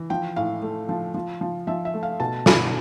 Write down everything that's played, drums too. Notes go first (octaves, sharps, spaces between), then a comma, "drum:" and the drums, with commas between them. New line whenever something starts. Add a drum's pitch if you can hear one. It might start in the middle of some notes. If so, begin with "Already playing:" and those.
Already playing: E3
F3 G5
A2 F5
A3
F3
F3
F3
F3 E5
E5
A3
F5
B2 A5
B2 B5, drum: snare